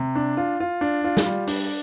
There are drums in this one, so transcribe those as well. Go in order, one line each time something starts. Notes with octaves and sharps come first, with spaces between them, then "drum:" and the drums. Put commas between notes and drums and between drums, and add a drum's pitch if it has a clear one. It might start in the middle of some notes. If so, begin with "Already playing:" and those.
Already playing: C3
D4
F4
F4
D4
F4
drum: snare
G3
D4, drum: open hi-hat